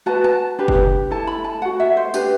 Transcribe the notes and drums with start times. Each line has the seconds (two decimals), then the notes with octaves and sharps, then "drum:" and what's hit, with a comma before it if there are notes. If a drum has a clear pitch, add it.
0.06 F#4 B4 A5
0.24 A5
0.59 D4 G4 B4
0.68 drum: kick
1.11 E4 A4 A5
1.27 B5
1.44 A5
1.62 F#4 A4 F#5
1.80 E5
1.97 C5
2.14 D4 G4 B4, drum: tambourine